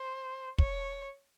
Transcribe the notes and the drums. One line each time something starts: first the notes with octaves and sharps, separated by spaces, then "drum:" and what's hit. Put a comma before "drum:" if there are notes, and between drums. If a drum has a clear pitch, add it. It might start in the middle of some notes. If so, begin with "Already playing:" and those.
Already playing: C5
C#5, drum: kick